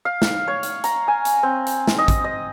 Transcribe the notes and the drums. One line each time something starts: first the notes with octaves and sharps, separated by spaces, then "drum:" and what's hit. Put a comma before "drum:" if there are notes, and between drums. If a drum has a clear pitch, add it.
F5
drum: snare
C#5
drum: hi-hat
A#5, drum: hi-hat
G#5
drum: hi-hat
C4
drum: hi-hat
drum: snare
D#5
drum: kick, hi-hat
D#5